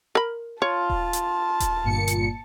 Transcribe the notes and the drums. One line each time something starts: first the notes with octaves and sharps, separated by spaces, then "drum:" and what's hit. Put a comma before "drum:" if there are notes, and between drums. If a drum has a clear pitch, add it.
A#4 B5
F4 C#5 A5
drum: kick D#1
drum: hi-hat
drum: kick D#1, hi-hat
G1 A#2 C#7
drum: hi-hat